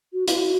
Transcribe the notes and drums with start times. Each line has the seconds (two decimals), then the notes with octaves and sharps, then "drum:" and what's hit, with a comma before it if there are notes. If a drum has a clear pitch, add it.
0.13 F#4
0.28 E4, drum: hi-hat
0.41 F#4